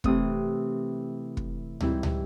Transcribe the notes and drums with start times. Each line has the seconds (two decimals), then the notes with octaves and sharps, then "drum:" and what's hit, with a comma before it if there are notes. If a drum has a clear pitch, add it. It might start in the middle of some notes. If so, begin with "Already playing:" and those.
0.04 C3 E3 A3 C4 D#6, drum: kick
1.37 drum: kick
1.80 G#2 E3 G3 C4 E4, drum: tom
2.03 drum: tom